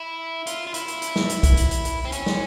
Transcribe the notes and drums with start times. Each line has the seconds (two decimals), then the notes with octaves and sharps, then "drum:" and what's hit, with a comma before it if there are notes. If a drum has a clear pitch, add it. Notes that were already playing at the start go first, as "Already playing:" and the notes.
Already playing: E4
0.47 F4, drum: hi-hat
0.67 F4
0.74 E4, drum: hi-hat
0.88 drum: hi-hat
1.02 drum: hi-hat
1.16 drum: snare
1.29 drum: hi-hat
1.43 drum: kick, hi-hat
1.57 drum: hi-hat
1.71 drum: hi-hat
1.85 drum: hi-hat
2.05 C4
2.12 C#4, drum: hi-hat
2.26 drum: snare